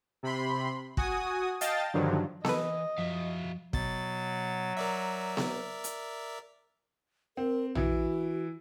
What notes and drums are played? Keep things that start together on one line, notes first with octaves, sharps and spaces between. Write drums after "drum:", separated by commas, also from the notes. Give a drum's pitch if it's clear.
C3 B5 C6
F#4 G#5 D#6, drum: kick
D#5 F5 G5 A5 A6, drum: hi-hat
G2 D3 D#3 F3 F#3
E3 A4 B4 D#5, drum: snare B3
F#2 F3 F#4 E5 F5
B2 F#3 A6, drum: kick
A#4 D5 E5
drum: snare B3
drum: hi-hat
C4 A#4
E3 E4 F#4, drum: tom A#1